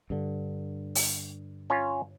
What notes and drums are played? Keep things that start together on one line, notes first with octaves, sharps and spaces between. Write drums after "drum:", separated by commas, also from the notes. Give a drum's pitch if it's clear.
G2 D3
drum: open hi-hat
C#4 F4 C#5